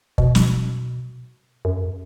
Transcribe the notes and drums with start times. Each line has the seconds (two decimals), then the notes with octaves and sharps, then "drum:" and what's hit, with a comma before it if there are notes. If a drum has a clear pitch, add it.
0.18 B2, drum: kick
0.35 drum: snare
1.65 F#2